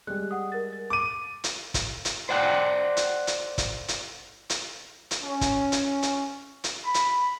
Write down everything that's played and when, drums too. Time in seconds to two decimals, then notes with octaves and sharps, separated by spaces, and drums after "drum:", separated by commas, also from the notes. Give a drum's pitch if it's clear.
0.07 G3 G#3 F#6
0.31 F#5 D#6
0.52 A#4 A6
0.73 A6
0.90 D6 D#7
1.44 drum: hi-hat
1.74 drum: kick, hi-hat
2.05 drum: hi-hat
2.29 C5 D5 F#5 G5
2.97 drum: hi-hat
3.27 drum: hi-hat
3.58 drum: kick, hi-hat
3.88 drum: hi-hat
4.50 drum: hi-hat
5.11 drum: hi-hat
5.24 C#4
5.41 drum: kick, hi-hat
5.72 drum: hi-hat
6.02 drum: hi-hat
6.64 drum: hi-hat
6.85 B5
6.94 drum: hi-hat